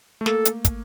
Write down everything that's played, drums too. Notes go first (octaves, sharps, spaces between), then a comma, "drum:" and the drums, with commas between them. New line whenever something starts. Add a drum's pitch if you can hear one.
A3
A#3 A4, drum: snare
drum: hi-hat
drum: kick, hi-hat